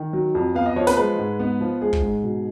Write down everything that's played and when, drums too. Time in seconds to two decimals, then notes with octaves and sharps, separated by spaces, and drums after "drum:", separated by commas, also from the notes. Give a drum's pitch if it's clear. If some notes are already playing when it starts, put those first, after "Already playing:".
Already playing: D#3
0.13 F#3
0.35 F2
0.55 B3 F5
0.66 D#5
0.76 F3 C#5
0.87 B4, drum: snare
0.97 G#3 B4
1.18 G#2
1.40 B3
1.60 F3
1.81 G#3 G#4
1.93 drum: kick
2.02 G#2
2.23 B2